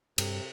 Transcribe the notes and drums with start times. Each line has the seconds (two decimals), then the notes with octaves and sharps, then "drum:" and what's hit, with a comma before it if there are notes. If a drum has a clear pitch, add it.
0.18 G2 C3, drum: cymbal